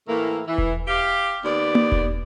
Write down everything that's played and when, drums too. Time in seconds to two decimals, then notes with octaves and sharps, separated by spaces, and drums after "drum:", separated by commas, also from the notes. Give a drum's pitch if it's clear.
0.08 A2 E3 A3 A#3
0.48 E3
0.58 drum: kick E1
0.88 G4 F5
1.44 D#2 B3 D5
1.75 drum: tom A#3
1.92 drum: kick E1